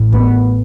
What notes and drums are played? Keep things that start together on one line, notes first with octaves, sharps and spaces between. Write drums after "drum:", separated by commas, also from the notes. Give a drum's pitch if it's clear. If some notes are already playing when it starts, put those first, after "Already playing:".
Already playing: A1 A2
B3, drum: kick